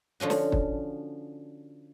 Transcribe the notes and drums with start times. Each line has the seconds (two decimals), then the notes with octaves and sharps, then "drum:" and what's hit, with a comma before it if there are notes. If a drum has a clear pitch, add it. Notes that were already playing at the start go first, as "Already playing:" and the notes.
0.20 D3 F3 C#4 F#4
0.30 drum: snare
0.52 drum: kick